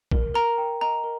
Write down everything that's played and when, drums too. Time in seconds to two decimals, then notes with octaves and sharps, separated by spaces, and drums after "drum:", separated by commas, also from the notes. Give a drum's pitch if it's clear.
0.11 A#4, drum: kick
0.34 A#4 A#5
0.58 G5
0.81 D#5 A#5
1.04 A#4